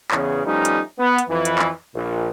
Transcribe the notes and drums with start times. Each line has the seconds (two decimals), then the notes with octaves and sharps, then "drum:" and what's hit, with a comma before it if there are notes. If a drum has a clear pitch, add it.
0.11 E2 C#3, drum: clap
0.44 F3 G3 A3 B3 C#4 D#4
0.65 drum: hi-hat
0.97 B3
1.18 drum: hi-hat
1.28 F2 E3
1.45 drum: hi-hat
1.59 drum: clap
1.94 A#1 A#2